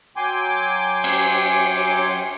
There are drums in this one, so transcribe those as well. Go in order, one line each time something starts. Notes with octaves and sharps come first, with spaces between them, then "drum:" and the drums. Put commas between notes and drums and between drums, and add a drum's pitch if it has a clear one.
F#3 G5 G#5 C6 D6
drum: cymbal